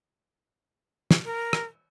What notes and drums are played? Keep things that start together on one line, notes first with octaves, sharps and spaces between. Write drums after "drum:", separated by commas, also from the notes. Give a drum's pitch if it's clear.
drum: snare
A#4
drum: rim click